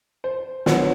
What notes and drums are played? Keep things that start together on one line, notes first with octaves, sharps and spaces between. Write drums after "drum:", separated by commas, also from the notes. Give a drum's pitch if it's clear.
C5
D3 F#3 B3, drum: snare